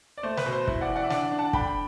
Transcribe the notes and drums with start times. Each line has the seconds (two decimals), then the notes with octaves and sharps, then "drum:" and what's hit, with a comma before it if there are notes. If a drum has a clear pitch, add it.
0.18 D5
0.23 A3 C5
0.37 B4, drum: snare
0.46 B2
0.53 C5
0.68 E4, drum: kick
0.81 D5 F#5
0.89 E3
0.96 D5 F#5
1.04 E5
1.10 D4 D5 F#5, drum: snare
1.32 D4
1.39 F#5 A5
1.53 D3 G5 B5, drum: kick